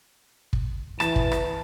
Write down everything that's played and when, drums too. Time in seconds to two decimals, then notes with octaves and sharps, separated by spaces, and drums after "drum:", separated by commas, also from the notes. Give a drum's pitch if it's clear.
0.53 drum: kick
1.00 E3 A5, drum: rim click
1.16 drum: kick
1.32 drum: rim click